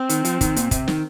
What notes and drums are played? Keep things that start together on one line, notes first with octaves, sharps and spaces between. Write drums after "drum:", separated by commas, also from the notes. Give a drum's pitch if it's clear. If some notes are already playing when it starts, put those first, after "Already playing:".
Already playing: C4
D#3, drum: hi-hat
F3, drum: hi-hat
D#3, drum: kick, hi-hat
A#2, drum: hi-hat
C3, drum: kick, hi-hat
D#3, drum: snare